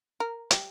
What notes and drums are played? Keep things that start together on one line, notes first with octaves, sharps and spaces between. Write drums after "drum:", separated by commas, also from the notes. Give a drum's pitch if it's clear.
A#4
G4, drum: hi-hat